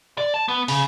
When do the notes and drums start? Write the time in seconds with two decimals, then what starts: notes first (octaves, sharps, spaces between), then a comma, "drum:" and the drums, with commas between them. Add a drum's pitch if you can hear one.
0.18 D5
0.34 A5
0.48 B3
0.68 C#3, drum: open hi-hat